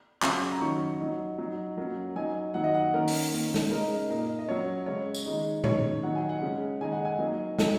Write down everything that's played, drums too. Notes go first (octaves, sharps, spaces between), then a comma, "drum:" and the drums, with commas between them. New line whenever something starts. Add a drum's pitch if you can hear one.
C#3 F#3 C#4, drum: clap
A#5
D#3 F#3 C#4 C#6
F#3 D#4
F#3 D#4
F#3 A#3 C#4
F#3 D#4 G#5
D#3 F#3 D#4 F#5
D#5
F#5
D#3 A#3 C#4 A#4
drum: open hi-hat
D#3 A#3 C#4
drum: snare
C#3 G#3 D#4 A#4
A#2 A#3 D#4
D#5
F#3 C#4 C#5
C#3 G#3 C#4 C#5
drum: tambourine
D#3 G#3 D#4
D#3 G#3 C#4 C#5, drum: tom A2
D#3 F#3 D#4 F#5
G#5
F#5
C#3 G#3 C#4
D#3 G#3 D#4 G#5
F#5
G#5
F#3 A#3 D#4
C#3 F#3 D#4, drum: snare